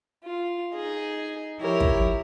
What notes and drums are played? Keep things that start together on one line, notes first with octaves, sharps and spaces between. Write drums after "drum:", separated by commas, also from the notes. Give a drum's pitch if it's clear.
F4
D#4 G#4 D#5
F3 E4 G4 A#4 C#5
drum: kick